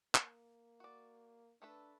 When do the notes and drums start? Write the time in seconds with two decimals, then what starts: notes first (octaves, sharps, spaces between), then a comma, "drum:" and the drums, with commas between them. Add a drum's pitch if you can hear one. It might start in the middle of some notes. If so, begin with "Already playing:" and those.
0.15 A#3, drum: clap
0.80 F#4 D5
1.62 A3 D4 A4 B4